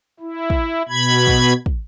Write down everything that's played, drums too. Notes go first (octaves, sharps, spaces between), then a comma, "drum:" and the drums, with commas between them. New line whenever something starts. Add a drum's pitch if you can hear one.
E4
drum: kick
B2 B5 G#6
drum: kick
drum: kick